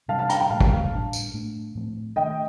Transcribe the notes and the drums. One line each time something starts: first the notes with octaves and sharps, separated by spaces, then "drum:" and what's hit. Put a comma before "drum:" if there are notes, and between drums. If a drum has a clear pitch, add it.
C3 G3 D4 F5 A5
F5 A5
G5 A#5, drum: hi-hat
G5 A#5
A2 F3 A3 F5 A5
drum: kick
A2 G3 D4
drum: tambourine
A2 A3 D4
A2 F3 A3 C4
D#3 A3 D4 D#5 G5